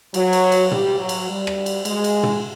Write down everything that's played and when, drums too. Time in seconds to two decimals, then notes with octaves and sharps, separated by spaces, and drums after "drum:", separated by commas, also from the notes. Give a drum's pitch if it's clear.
0.14 F#3, drum: cymbal
0.33 drum: cymbal
0.52 drum: cymbal
0.71 G3, drum: tom
0.99 F#3
1.09 drum: cymbal
1.29 G3
1.47 drum: rim click
1.66 drum: cymbal
1.85 G#3, drum: cymbal
2.04 drum: cymbal
2.23 drum: tom